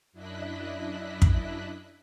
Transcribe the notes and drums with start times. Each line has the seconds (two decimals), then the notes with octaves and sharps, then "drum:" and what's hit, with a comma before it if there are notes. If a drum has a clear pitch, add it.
0.12 F#2 D4 E4 D#5 F#6 B6
1.22 drum: kick